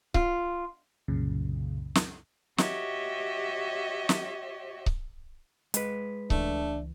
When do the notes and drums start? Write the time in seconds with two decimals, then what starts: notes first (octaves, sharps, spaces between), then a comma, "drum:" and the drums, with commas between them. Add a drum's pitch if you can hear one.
0.14 F4, drum: kick C#1
1.08 C2 F#2 A#2 C#3
1.95 drum: snare
2.58 F#4 G4 C#5 D#5 E5, drum: snare
4.09 drum: snare
4.86 drum: kick C#1
5.74 G#3 B4, drum: hi-hat
6.30 C#2 E3 A3 D4, drum: kick C#1